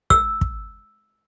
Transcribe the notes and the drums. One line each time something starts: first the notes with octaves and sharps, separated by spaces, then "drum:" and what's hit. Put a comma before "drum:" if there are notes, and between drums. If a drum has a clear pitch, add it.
E6, drum: kick
drum: kick